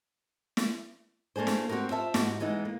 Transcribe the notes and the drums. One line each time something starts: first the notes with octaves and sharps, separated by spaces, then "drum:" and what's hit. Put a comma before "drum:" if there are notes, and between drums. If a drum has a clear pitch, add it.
drum: snare
A3 A#3 D4 G#4 C5
drum: snare
A#3 C4 F#4 G4 A#4
F4 C5 E5 A5
G#2 F#4 G4, drum: snare
E3 G#3 B3 D#4 E4
A#3